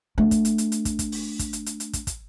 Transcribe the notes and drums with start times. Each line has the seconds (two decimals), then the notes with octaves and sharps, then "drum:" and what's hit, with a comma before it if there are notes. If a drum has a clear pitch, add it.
0.18 A3 D4
0.31 drum: kick, hi-hat
0.45 drum: hi-hat
0.58 drum: hi-hat
0.72 drum: hi-hat
0.85 drum: kick, hi-hat
0.99 drum: kick, hi-hat
1.12 drum: open hi-hat
1.39 drum: kick, hi-hat
1.53 drum: hi-hat
1.66 drum: hi-hat
1.80 drum: hi-hat
1.93 drum: kick, hi-hat
2.07 drum: kick, hi-hat